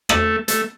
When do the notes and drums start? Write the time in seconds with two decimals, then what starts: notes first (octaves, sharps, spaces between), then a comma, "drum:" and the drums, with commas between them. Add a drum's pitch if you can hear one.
0.09 A3, drum: rim click
0.48 A3, drum: hi-hat